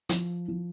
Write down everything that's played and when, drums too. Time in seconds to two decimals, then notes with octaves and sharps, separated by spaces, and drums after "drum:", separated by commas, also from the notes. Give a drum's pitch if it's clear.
0.09 F3, drum: hi-hat
0.48 F3